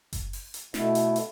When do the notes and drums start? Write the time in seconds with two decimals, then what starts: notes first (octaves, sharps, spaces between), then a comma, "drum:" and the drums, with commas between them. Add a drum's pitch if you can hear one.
0.13 drum: kick F#1, hi-hat
0.33 drum: open hi-hat
0.54 drum: hi-hat
0.74 B2 A3 E4, drum: snare
0.95 drum: hi-hat
1.16 drum: hi-hat